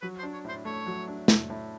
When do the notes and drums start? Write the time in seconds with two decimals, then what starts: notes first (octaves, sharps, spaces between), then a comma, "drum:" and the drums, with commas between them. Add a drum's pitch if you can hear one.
0.02 F#3 B4
0.19 C5
0.23 D4
0.34 C#5
0.45 A2 C5
0.65 A3 C#5
0.86 F#3
1.08 D4
1.28 A3, drum: snare
1.50 A2